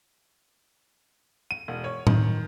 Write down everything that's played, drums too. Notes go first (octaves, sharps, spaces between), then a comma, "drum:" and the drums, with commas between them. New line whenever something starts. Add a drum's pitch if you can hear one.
D#7
E1
C#5
D#3, drum: tom A2